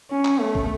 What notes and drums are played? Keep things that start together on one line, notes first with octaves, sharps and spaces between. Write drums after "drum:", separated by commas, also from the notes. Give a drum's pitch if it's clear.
C#4
drum: clap
A3
drum: kick